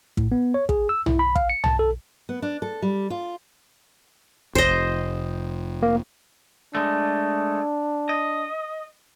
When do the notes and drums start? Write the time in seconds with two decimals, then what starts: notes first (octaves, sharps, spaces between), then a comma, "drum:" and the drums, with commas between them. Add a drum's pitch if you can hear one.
0.17 A2, drum: kick
0.32 B3
0.54 C#5
0.69 G#4, drum: kick
0.89 E6
1.06 E4, drum: tom
1.19 B5
1.36 F5, drum: kick
1.50 C#7
1.64 A5, drum: tom
1.79 A4
2.29 B3
2.42 D4
2.62 A4
2.82 G3
3.10 F4
4.55 F1 C5 D#5, drum: kick
5.83 A#3
6.75 G#3 A3 D4
8.09 D#5